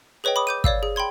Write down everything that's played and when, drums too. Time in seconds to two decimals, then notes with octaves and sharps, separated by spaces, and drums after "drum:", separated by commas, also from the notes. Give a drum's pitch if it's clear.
0.24 G#4 B4 C#5 D#5 G5
0.36 B5 D6 D#6
0.47 D6 G6 D#7
0.64 C#5 D5 F5 E6, drum: kick
0.83 G#4
0.96 G5 B5 C6 G#6